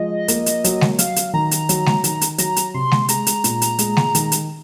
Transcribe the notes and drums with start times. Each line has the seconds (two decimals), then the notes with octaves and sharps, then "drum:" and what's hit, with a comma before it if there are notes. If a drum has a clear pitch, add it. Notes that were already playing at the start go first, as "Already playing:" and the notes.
Already playing: F3 G#3 D#5
0.28 A#3, drum: hi-hat
0.46 drum: hi-hat
0.64 F#3, drum: hi-hat
0.81 drum: snare G#3
0.99 F#3 F5, drum: hi-hat
1.16 drum: hi-hat
1.33 D#3 A#5
1.51 drum: hi-hat
1.69 F#3, drum: hi-hat
1.86 drum: snare G#3
2.04 D#3, drum: hi-hat
2.21 drum: hi-hat
2.38 F#3 A#5, drum: hi-hat
2.56 drum: hi-hat
2.74 C3 C6
2.91 drum: snare G#3
3.09 G#3 A#5, drum: hi-hat
3.27 drum: hi-hat
3.44 A#2, drum: hi-hat
3.62 drum: hi-hat
3.79 G#3, drum: hi-hat
3.97 drum: snare G#3
4.15 D#3, drum: hi-hat
4.32 drum: hi-hat